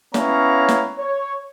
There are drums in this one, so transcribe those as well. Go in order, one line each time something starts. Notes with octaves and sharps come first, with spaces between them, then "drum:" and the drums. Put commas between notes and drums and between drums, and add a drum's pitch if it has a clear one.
B3 C#4 E4 C#5 F5 A#5, drum: snare
drum: snare
C#5